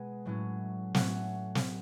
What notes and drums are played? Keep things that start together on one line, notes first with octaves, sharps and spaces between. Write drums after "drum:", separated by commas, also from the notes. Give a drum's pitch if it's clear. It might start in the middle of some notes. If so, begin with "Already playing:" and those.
Already playing: B2 G#3 B3 G#5
A2 F#3 A3 C#4
A2 F#3 A3 C#4 F#5, drum: snare
drum: snare